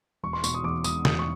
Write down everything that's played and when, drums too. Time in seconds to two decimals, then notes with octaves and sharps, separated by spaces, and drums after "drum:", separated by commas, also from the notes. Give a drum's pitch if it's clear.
0.23 E1 C#6
0.33 C6
0.44 B2 C#6, drum: tambourine
0.54 D#6
0.64 E2 D6
0.84 E1 D#6, drum: tambourine
1.05 E1 D#6, drum: snare
1.19 C#6